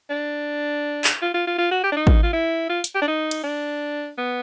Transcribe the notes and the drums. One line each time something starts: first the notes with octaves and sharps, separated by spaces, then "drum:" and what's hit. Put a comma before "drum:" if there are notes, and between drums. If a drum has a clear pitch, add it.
D4
drum: clap
F4
F4
F4
F4
F#4
G4
D4
D#4
drum: kick
F4
E4
F4
drum: hi-hat
G4
D4
D#4
drum: cymbal
D4
B3